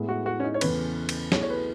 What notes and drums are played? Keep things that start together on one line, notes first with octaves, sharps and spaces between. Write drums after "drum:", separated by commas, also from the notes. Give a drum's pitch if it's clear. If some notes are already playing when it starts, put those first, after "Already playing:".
Already playing: A2 G#3 B3 E4
F#4
F#4
C#4
D#4
C#5
E2 C#3 E3 A3 C#4 B4, drum: cymbal
drum: cymbal
B1 B2 A3 E4 G#4 C#5, drum: snare
C#5
B4